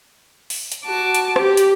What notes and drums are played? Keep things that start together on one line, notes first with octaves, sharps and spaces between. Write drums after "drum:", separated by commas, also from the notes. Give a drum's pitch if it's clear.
drum: open hi-hat
drum: hi-hat
F#4 A5 D6
drum: hi-hat
G4, drum: rim click
drum: hi-hat